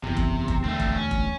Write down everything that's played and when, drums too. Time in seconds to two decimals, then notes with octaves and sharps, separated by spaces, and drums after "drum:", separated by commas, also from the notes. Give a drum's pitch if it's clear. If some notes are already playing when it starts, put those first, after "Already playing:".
0.04 F#1 E2 C3
0.17 drum: kick F1
0.48 drum: kick F1
0.64 E1 D2 A3 C4
0.80 drum: kick F1
0.95 C#4
1.11 drum: kick F1